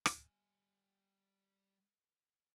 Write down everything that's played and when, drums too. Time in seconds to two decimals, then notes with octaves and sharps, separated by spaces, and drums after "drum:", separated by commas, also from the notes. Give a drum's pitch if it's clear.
0.06 G3 G#5, drum: rim click